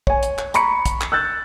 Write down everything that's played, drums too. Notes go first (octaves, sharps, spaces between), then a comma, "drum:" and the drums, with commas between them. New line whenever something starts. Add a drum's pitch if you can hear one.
C#5 G#5, drum: kick
drum: hi-hat
drum: clap
A#5 B5 C#6 C#7, drum: hi-hat
drum: kick, hi-hat
drum: clap
E6 F#6 G6 A6